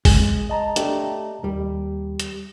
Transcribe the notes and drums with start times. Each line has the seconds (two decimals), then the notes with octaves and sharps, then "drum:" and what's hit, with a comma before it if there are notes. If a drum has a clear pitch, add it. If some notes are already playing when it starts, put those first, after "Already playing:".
0.05 G#3 G#4, drum: kick, open hi-hat
0.50 D#5 A5 A#5
0.76 A3 D4 G4, drum: hi-hat
1.44 D#2 G3
2.20 drum: hi-hat